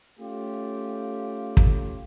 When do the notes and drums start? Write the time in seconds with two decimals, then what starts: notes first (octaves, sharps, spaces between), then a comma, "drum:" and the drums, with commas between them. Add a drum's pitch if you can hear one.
0.20 A3 C#4 F4 G4
1.57 drum: kick